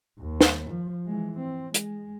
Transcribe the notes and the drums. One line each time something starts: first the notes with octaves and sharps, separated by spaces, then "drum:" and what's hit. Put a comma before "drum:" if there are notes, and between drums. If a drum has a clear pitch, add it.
D#2
drum: snare
F3
E3 G#3
C4
G#3, drum: hi-hat